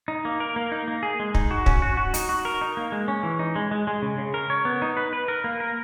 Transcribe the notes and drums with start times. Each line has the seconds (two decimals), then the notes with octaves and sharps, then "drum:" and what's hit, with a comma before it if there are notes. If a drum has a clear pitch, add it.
0.08 D#4
0.25 A#3
0.40 A#4
0.56 A#3
0.72 D#4
0.88 A#3
1.03 G#4
1.20 G#3
1.35 D#4, drum: kick
1.51 F#4
1.66 C#4, drum: kick
1.82 F#4
1.97 F#4
2.14 D#4, drum: hi-hat
2.29 F#4
2.45 A#4
2.61 D#4
2.77 A#3
2.92 G#3
3.08 C#4
3.23 E3
3.39 D#4
3.56 G#3
3.71 G#3
3.87 G#3
4.02 C#3
4.18 C#3
4.34 A#4
4.50 C#5
4.65 B3
4.82 D#4
4.97 B4
5.13 B4
5.28 A#4
5.44 A#3
5.60 A#4